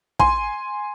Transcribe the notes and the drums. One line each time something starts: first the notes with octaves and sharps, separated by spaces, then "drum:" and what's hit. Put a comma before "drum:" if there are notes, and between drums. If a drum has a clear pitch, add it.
G#5 C6, drum: kick